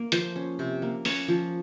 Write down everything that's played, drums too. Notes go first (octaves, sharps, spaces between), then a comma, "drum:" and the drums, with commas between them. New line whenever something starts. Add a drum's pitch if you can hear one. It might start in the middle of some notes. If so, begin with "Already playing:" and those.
Already playing: A#3
F3 C5, drum: hi-hat
C#4
C3
A#3
C#4 C#5, drum: open hi-hat
F3